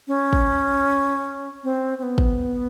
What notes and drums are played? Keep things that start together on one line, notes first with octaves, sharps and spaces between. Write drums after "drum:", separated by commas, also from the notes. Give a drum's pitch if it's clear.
C#4
drum: kick
C4
C4
B3
drum: kick